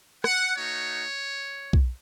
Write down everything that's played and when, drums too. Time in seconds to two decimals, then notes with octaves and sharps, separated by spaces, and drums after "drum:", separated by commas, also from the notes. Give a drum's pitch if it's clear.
0.24 F#5, drum: rim click
0.57 A3 D#4 F#4 C#5
1.73 drum: kick